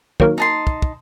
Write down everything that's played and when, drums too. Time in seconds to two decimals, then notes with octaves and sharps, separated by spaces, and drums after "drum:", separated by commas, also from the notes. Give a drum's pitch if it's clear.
0.20 D#3 F#3 A#3, drum: kick
0.38 D#4 A5 C6
0.67 drum: kick
0.82 drum: kick